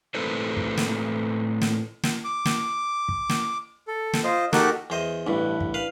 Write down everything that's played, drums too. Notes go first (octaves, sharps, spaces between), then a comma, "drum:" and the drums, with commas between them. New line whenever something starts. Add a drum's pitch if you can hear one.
A2 C4 A4 B4 C5
drum: kick
drum: snare
drum: snare
drum: snare
D6
drum: snare
drum: kick
drum: snare
A4
drum: snare
F4 C5 D#5
D#4 F#4 G4 A4 A#4 F#6, drum: snare
E2 C5 D#5
A1 G2 D4 E4 B4
drum: kick
B4 F5